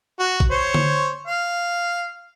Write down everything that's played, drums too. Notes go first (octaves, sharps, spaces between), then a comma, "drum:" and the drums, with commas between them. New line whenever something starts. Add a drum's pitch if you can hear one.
F#4
drum: kick A1
C5 C#5
drum: tom D3
F5